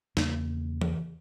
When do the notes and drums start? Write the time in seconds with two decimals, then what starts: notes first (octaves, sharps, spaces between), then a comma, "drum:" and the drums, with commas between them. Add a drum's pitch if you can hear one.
0.17 E2 C#3 A#3, drum: snare
0.81 drum: tom E3